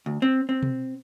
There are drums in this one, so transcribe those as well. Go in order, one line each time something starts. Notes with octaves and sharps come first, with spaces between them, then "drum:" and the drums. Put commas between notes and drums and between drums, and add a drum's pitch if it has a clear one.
D2
C4
C4
drum: tom B2